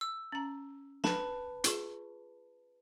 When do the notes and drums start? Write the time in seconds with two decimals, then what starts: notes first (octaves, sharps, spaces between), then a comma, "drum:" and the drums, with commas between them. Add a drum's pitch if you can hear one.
0.01 E6
0.32 C#4 A#5
1.04 B4 A5 B5, drum: snare
1.64 F4 G#4 C#6, drum: hi-hat